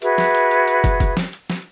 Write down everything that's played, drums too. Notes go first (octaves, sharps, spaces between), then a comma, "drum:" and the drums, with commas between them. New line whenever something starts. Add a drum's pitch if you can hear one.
F#4 G#4 B4 E5, drum: hi-hat
drum: snare
drum: hi-hat
drum: hi-hat
drum: hi-hat
drum: kick, hi-hat
drum: kick, hi-hat
drum: snare
drum: hi-hat
drum: snare